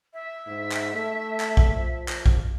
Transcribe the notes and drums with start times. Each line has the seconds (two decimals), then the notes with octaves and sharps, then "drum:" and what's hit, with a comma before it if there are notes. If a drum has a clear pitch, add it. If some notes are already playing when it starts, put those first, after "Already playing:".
0.14 E5
0.47 G#2
0.72 drum: clap
0.95 A3
1.40 drum: clap
1.57 drum: kick A#1
1.74 F3
2.08 drum: clap
2.26 drum: kick A#1